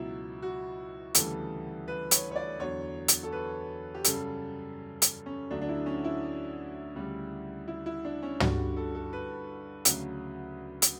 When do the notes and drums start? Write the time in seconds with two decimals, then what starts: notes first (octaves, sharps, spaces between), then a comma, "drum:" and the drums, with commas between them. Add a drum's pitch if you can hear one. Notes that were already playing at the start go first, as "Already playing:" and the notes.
Already playing: C#2 B2 F#3 E4
0.42 F#4
1.15 D2 C#3 E3 G3 A4, drum: hi-hat
1.88 B4
2.11 C#5, drum: hi-hat
2.31 C#5
2.36 D5
2.60 E2 D3 F#3 C#5
3.08 drum: hi-hat
3.23 A4
3.32 B4
3.94 G4
4.05 F#2 C#3 G3 A4, drum: hi-hat
5.02 drum: hi-hat
5.26 C#4
5.51 D2 D3 F#3 D4
5.61 D4
5.69 E4
5.86 C#4
6.04 E4
6.96 D2 C#3 G3
7.68 E4
7.86 E4
8.05 D4
8.22 C#4
8.40 G2 D3 G3 F#4, drum: tom
8.77 A4
8.95 A4
9.13 B4
9.85 D2 C#3 F#3, drum: hi-hat
10.82 drum: hi-hat